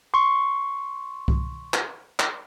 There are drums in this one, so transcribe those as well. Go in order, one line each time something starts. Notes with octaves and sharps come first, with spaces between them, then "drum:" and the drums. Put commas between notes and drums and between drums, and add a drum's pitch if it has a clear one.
C6 C#6
drum: kick C2
drum: clap
drum: clap